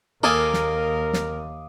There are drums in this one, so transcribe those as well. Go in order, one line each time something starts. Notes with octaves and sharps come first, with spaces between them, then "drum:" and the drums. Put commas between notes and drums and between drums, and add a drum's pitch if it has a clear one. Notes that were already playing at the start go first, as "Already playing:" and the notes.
D#2 A#3 A4 A#4 F5 G#5 D6 D#6
drum: snare
drum: snare